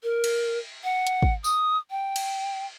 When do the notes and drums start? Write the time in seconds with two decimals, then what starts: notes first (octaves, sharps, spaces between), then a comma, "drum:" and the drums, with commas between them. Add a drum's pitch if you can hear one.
0.03 A#4
0.24 drum: cymbal
0.84 F#5
1.07 drum: hi-hat
1.22 drum: kick
1.44 D#6, drum: tambourine
1.91 G5
2.16 drum: cymbal